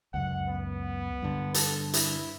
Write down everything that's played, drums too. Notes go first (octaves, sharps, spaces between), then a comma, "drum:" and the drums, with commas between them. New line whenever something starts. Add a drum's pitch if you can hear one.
C#2 F#2 F#5
B3
G2 D3
A4, drum: hi-hat
E4, drum: hi-hat